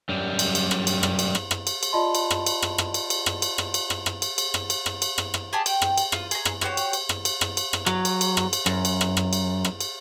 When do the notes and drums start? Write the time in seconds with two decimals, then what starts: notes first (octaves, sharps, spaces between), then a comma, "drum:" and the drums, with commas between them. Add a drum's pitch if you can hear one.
0.09 F#2 G3
0.39 drum: cymbal
0.55 drum: cymbal
0.71 drum: rim click
0.87 drum: cymbal
1.03 drum: rim click
1.19 drum: cymbal
1.35 drum: rim click
1.51 drum: rim click
1.67 drum: cymbal
1.83 drum: cymbal
1.92 F4 D5 D#5 A5 B5 C6
2.15 drum: cymbal
2.31 drum: rim click
2.46 drum: cymbal
2.62 drum: rim click
2.78 drum: rim click
2.94 drum: cymbal
3.10 drum: cymbal
3.26 drum: rim click
3.42 drum: cymbal
3.58 drum: rim click
3.74 drum: cymbal
3.90 drum: rim click
4.06 drum: rim click
4.22 drum: cymbal
4.38 drum: cymbal
4.54 drum: rim click
4.70 drum: cymbal
4.86 drum: rim click
5.02 drum: cymbal
5.18 drum: rim click
5.34 drum: rim click
5.53 G4 G#4 A5
5.66 G5, drum: cymbal
5.82 drum: rim click
5.98 drum: cymbal
6.12 F4, drum: rim click
6.31 G#4 A#5, drum: cymbal
6.45 drum: rim click
6.61 F#4 G4 C5 C#5, drum: rim click
6.77 drum: cymbal
6.93 drum: cymbal
7.09 drum: rim click
7.25 drum: cymbal
7.41 drum: rim click
7.57 drum: cymbal
7.73 drum: rim click
7.86 F#3, drum: rim click
8.05 drum: cymbal
8.21 drum: cymbal
8.37 drum: rim click
8.53 drum: cymbal
8.66 F#2, drum: rim click
8.85 drum: cymbal
9.01 drum: rim click
9.17 drum: rim click
9.33 drum: cymbal
9.65 drum: rim click
9.81 drum: cymbal